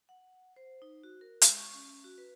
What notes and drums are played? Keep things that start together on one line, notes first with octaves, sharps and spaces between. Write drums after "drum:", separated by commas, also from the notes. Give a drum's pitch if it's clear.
F#5
C5
D#4
F#4
A#4
G#3, drum: hi-hat
C#6
C#4
F#4
B4